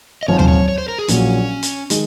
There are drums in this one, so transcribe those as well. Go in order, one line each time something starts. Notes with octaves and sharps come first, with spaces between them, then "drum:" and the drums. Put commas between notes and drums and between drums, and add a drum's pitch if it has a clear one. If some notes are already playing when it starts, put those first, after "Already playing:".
D#5
G#1 F#2 F3 C4 F4 C#5
C5, drum: tom D#2
C#5
C#5
C5
A#4
G#4
A#1 A#2 F#3 C#4, drum: hi-hat
drum: hi-hat
D#3 G#3, drum: hi-hat